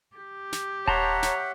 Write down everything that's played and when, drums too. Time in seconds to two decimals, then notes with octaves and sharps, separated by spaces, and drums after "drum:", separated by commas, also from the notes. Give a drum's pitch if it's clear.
0.16 G4
0.53 drum: snare
0.88 C#5 E5 F#5 A5 A#5 C6, drum: kick D#1
1.23 drum: snare